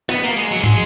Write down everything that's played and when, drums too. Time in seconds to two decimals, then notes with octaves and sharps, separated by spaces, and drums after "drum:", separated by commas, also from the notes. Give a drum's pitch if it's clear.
0.09 B3, drum: rim click
0.23 A#3
0.37 G#3
0.51 F#3
0.59 A#3
0.64 G#3, drum: tom